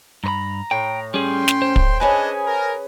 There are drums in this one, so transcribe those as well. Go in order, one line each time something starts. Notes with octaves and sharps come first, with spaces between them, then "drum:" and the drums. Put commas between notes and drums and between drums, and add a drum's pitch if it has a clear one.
G2 B4 A#5 B5
A2 G5
G3 C#4 G#4 G5 C6
drum: snare
C5
drum: kick
C#4 D4 G#4 B4 D#5 G#5
A#4